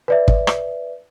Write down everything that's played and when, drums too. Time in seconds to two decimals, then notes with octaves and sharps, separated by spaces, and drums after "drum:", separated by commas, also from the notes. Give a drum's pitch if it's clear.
0.08 B4 D5 E5
0.28 drum: kick
0.47 drum: rim click